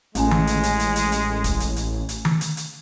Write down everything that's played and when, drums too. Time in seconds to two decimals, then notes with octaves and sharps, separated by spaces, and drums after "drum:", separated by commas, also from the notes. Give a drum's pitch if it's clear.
0.15 A1 G#3 A3 C#4 G#5, drum: hi-hat
0.31 drum: tom D#3
0.47 drum: hi-hat
0.63 drum: hi-hat
0.80 drum: hi-hat
0.96 drum: hi-hat
1.12 drum: hi-hat
1.44 drum: kick, hi-hat
1.60 drum: hi-hat
1.76 drum: hi-hat
2.09 drum: hi-hat
2.25 drum: tom D#3
2.41 drum: hi-hat
2.57 drum: hi-hat